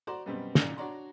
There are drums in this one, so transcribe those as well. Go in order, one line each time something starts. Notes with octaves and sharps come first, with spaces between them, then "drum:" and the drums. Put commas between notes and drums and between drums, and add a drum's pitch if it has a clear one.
F#4 C5 D5 A#5 C6 D6
F#2 B2 G3 B3 C4
G#1 F#2 A#2 D5, drum: snare
D4 F#4 C#5 D5 A#5 C6